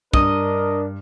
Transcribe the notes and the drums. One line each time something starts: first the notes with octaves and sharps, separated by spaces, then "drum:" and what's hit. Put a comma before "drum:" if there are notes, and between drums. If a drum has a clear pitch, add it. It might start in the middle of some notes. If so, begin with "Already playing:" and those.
G2 D4 A#4 D#5, drum: kick